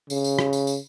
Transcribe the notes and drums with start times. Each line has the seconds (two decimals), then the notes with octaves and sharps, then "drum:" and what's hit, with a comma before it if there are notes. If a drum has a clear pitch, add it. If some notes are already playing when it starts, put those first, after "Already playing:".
0.10 C#3, drum: tambourine
0.24 drum: tambourine
0.39 drum: rim click
0.53 drum: tambourine
0.67 drum: tambourine